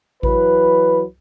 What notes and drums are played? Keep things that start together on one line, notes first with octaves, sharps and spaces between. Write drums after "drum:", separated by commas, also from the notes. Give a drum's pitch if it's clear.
E3 F#3 B4, drum: kick A1